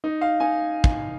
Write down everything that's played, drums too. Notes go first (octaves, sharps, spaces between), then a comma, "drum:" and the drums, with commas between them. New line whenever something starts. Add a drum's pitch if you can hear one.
D#4
F5
D#4 G#5
drum: kick